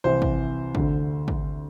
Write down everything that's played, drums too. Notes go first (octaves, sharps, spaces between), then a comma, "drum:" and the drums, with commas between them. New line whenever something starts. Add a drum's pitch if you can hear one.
C2 C3 E3 C5
drum: kick
D2 D3, drum: kick
drum: kick